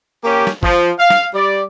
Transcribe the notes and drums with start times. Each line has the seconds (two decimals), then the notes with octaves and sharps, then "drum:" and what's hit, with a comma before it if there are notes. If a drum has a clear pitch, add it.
0.24 A#3 C#4 G4
0.47 drum: snare
0.63 F3, drum: kick G1
0.99 F5
1.10 drum: snare
1.34 G3 D5